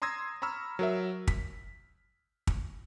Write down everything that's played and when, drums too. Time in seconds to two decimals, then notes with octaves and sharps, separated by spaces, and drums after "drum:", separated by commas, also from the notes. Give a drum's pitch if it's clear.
0.02 A#5 C6 D#6 E6 G#6 A#6
0.42 A#5 B5 C#6 E6 F6
0.79 F#3 A#4 E5
1.27 B6, drum: kick
2.47 drum: kick